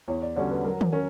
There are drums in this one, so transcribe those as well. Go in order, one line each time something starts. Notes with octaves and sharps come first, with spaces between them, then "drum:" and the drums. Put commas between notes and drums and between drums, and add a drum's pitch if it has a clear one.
E2 C#5
D5
D3 G3 C#4 F#4 C#5
B4
F#3 A#4
drum: tom D#3
C#4 A#4